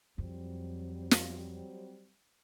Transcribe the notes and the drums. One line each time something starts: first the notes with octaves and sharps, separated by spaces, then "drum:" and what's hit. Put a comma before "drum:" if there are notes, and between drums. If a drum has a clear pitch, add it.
F2 F#3 G3 C4
drum: snare